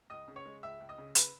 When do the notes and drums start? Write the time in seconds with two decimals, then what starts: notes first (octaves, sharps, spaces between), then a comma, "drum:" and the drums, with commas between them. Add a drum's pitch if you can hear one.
0.10 C#2 D#5 D#6
0.28 C#3
0.36 C#5 C#6
0.46 G#3
0.63 C#2 E5 E6
0.80 C#2
0.89 D#5 D#6
0.98 C#3
1.15 B4 B5, drum: hi-hat